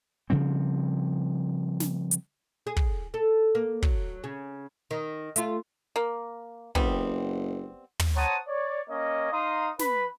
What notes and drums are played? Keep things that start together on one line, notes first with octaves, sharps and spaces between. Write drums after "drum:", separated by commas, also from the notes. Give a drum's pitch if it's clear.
C#3 F3 G3 C4
drum: snare
drum: hi-hat
G#4
drum: kick
A4
A#3
F#3, drum: kick
C#3
D#3
A3 F4, drum: hi-hat
A#3
F#1 G3 B3 C4, drum: kick
drum: tom
C5 C#5 F#5 A5 A#5 D#6
C#5 D5
A#3 C#4 C#5 D#5
D#4 F5 A#5 C6 D#6
B4 B5, drum: snare